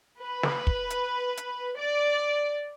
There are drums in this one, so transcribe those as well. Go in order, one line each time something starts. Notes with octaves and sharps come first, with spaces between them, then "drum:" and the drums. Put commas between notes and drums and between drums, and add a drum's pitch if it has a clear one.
B4
drum: snare
drum: kick
drum: hi-hat
drum: hi-hat
D5